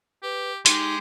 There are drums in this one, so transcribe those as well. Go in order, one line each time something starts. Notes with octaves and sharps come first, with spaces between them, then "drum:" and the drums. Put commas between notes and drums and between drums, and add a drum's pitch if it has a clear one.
G4 B4
G#3 D#4 G4, drum: hi-hat